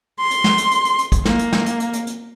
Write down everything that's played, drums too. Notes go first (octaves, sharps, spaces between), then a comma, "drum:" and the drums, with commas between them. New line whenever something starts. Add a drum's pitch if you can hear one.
C6
drum: hi-hat
drum: snare
drum: hi-hat
drum: hi-hat
drum: hi-hat
drum: hi-hat
drum: kick, hi-hat
A#3, drum: snare
drum: hi-hat
drum: snare
drum: hi-hat
drum: hi-hat
drum: hi-hat
drum: hi-hat